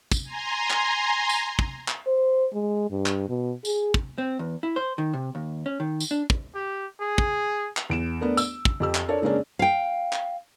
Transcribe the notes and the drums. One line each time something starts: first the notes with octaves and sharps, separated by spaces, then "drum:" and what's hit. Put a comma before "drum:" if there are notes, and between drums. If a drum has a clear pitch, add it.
drum: kick, tambourine
G#5 A#5 C6
drum: clap
drum: tambourine
drum: kick
drum: clap
C5
G#3
G2
drum: clap
B2
G#4, drum: tambourine
drum: kick
C4
E2
E4
C5
D#3
C3
D#2
C#4
D#3
drum: tambourine
D4
drum: kick
G4
G#4
drum: kick
drum: clap
E2 D7 E7
A3 B3 D4 A#4
E6, drum: tambourine
drum: kick
F2 G4 E6
drum: clap
D4 A4 A#4 C#5 D5
C#3 G#3 A#3 C#4 D4
F5 G5
drum: clap